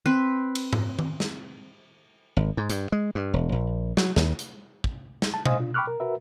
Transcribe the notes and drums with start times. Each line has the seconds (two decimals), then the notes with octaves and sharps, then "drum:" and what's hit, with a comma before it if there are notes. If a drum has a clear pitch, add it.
0.06 C4 B4
0.55 drum: cymbal
0.73 drum: tom G#2
0.99 drum: tom D#3
1.20 drum: snare
2.37 G#1
2.57 G#2
2.70 G2, drum: hi-hat
2.92 G#3
3.15 G2
3.33 E1
3.52 A#1
3.97 F#3, drum: snare
4.16 D#2, drum: snare
4.39 drum: hi-hat
4.84 drum: kick
5.22 drum: snare
5.34 A5
5.45 C5 D#5 F5 G#5 D#6, drum: tom B2
5.60 D4 F4
5.74 G5 B5 C#6 D6 F6 F#6
5.87 A#4
6.00 F#4 A#4 B4 E5